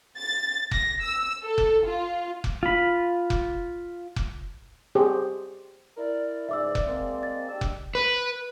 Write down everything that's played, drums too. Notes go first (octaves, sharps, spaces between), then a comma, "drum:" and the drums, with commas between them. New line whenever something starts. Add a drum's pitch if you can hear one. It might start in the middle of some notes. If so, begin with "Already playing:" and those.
A6
A#6, drum: kick F1
E6
A4
drum: kick F1
F4
drum: kick F1
F4 B5
drum: kick F1
drum: kick F1
G4 G#4 C5
E4 A#4 D5
C#2 G#2 E5 D6 E6
drum: kick F1
G#3 A#3 C4
D#5 A6
D4 G4 E6
drum: kick F1
B4